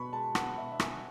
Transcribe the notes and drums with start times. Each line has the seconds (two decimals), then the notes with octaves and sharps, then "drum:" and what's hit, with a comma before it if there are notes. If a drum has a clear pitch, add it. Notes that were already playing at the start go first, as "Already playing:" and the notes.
Already playing: B2 B3 B5 C#6
0.12 G#3 A5
0.35 B3 F#5, drum: rim click
0.57 B2 E5
0.72 E5
0.80 B2 G#5, drum: rim click